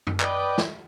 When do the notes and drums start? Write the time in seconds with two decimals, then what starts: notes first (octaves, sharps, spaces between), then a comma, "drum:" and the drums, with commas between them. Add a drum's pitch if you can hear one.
0.07 drum: tom F#2
0.20 B4 D5 D#5 G5, drum: clap
0.58 drum: snare